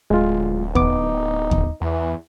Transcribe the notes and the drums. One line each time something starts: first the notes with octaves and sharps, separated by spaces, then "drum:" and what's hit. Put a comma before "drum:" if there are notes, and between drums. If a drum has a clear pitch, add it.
D1 G#3 F4
B3 D#4 D6, drum: kick D#2
drum: kick D#2
E2 E3